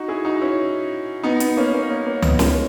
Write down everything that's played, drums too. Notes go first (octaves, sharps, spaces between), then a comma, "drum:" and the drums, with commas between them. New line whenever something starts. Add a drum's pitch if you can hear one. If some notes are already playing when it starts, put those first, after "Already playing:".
Already playing: D#4 F#4
E4 G#4
D#4 F#4
C#4 E4
B3 D#4
B3, drum: hi-hat
A#3 C#4
A#3 C#4
A#3 C#4
A#3 C#4
B3 D#4, drum: tom C#2
A#3 C#4, drum: snare